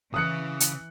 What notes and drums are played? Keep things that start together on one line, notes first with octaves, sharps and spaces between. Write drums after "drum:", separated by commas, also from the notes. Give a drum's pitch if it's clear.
C#3 E3 D#6 F#6 C#7
drum: hi-hat